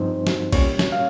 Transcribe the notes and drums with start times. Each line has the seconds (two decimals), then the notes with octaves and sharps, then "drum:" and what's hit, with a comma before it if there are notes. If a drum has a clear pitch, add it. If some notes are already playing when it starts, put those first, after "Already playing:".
Already playing: G2 F3 C4 D#4 C5
0.27 drum: snare
0.52 A#2 G3 C#4 C#5, drum: kick A#1, cymbal
0.79 drum: snare
0.92 F5